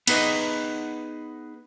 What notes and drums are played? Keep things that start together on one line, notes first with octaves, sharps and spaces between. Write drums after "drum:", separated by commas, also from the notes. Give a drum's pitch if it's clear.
B3 D#4 G#4 B4 D#5, drum: cymbal